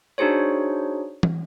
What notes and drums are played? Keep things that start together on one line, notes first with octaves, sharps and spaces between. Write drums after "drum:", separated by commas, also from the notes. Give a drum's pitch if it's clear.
D4 D#4 F#4 G#4 C5 C#5
drum: tom